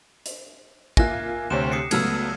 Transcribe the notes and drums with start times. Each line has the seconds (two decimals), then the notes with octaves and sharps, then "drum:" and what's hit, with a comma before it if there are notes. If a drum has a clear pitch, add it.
0.26 drum: hi-hat
0.97 A#3 F4 E5 G#5 F#6 A#6, drum: kick
1.50 D2 C3 C4 C#5 G5 C6 E7
1.72 G4 D#6 C7 C#7
1.91 C#2 F#3 A3 B3 A5 E6 F6 G#6, drum: cymbal